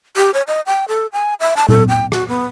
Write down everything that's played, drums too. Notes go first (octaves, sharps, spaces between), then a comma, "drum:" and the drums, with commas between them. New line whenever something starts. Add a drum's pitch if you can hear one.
G4
C#5
D#5
G5
A4
G#5
E5
A5
A4, drum: tom A#2
G5
F#4, drum: rim click
B3